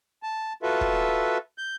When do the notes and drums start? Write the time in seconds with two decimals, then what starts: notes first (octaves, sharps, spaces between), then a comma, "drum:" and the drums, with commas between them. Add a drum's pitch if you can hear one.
0.23 A5
0.63 F4 F#4 A4 B4 E5
0.81 drum: kick
1.58 G6